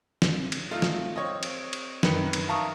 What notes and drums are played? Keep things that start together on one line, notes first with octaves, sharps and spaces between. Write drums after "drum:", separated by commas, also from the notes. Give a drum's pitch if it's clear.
drum: snare
drum: cymbal
A3 D#4 F4
drum: snare
C4 C#5 D#5
drum: cymbal
drum: cymbal
F#2 D#3 B4 D#5 C#7, drum: snare
drum: cymbal
E5 F5 A5 A#5 C#6 D#6